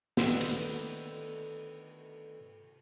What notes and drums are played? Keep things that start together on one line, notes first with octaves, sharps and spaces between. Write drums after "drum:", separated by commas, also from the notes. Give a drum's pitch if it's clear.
D3 D#3 A3 B3 A4 C5, drum: snare
drum: cymbal